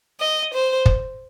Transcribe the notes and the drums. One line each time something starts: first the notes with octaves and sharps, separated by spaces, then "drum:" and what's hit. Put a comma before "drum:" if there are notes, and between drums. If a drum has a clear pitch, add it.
D#5
C5
drum: kick